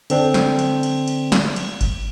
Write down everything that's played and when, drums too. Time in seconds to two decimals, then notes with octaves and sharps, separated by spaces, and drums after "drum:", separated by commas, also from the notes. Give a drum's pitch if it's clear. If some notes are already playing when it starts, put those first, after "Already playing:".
0.10 D3 C4 D4, drum: cymbal
0.34 drum: snare
0.59 drum: cymbal
0.83 drum: cymbal
1.08 drum: cymbal
1.32 drum: snare
1.56 drum: cymbal
1.81 drum: kick G1, cymbal